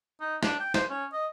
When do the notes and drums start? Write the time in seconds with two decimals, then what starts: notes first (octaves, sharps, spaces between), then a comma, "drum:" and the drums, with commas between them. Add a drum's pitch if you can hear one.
0.21 D#4
0.43 D4, drum: snare
0.60 G5
0.74 C5, drum: snare
0.90 C#4
1.13 D#5